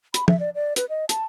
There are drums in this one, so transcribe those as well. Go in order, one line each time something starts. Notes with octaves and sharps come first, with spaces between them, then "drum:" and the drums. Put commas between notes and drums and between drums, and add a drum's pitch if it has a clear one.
B5, drum: hi-hat
E5, drum: tom
D5
D5
B4, drum: hi-hat
D#5
A5, drum: hi-hat